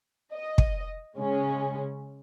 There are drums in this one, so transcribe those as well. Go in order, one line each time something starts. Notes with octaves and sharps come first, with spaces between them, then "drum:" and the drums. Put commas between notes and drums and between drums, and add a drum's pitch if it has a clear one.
D#5
drum: kick
C#3 G#3 C#4